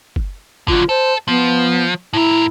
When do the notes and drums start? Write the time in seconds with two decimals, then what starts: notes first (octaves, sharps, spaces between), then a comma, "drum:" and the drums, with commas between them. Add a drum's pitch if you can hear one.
0.16 drum: kick F#1
0.68 D3 F#3 F4, drum: kick F#1
0.89 A4 C5
1.28 F3 B3
2.13 A2 E4 A#4